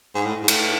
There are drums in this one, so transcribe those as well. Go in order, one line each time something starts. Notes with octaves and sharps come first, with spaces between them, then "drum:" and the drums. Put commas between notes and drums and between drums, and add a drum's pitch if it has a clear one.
G#2
A2
G#2
A2, drum: cymbal